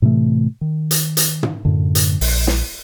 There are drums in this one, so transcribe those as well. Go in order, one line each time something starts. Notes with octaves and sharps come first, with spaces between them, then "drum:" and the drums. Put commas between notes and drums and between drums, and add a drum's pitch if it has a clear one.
A2 C3 E3 A3
D#3
drum: hi-hat
drum: hi-hat
drum: tom
F#2 A2 D3
drum: hi-hat
A#1, drum: open hi-hat
drum: snare